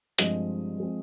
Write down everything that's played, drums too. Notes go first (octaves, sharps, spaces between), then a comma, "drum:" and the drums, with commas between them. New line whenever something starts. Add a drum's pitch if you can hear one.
G2 F3 G#3 C4 D#5, drum: hi-hat
F3 G#3 C4